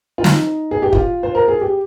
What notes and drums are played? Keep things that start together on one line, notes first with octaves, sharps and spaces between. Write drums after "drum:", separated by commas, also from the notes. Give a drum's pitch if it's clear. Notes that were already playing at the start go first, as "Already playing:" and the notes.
F4
D#4, drum: snare
G#4
G4
F4, drum: kick
C5
A#4
G#4
G4